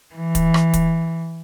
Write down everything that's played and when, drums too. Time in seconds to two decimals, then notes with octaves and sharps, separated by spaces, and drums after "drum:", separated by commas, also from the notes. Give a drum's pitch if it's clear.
0.15 E3
0.35 drum: kick, hi-hat
0.54 drum: rim click
0.73 drum: kick, hi-hat